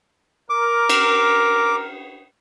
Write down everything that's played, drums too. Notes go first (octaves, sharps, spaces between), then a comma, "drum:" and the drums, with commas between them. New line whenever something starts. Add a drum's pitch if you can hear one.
A#4 D6
drum: cymbal